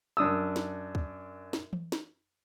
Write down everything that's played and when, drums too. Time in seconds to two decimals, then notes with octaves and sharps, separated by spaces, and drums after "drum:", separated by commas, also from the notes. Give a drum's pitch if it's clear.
0.17 F#2 D4 D#6 E6
0.56 drum: snare
0.95 drum: kick C#2
1.53 drum: snare
1.73 drum: tom E3
1.92 drum: snare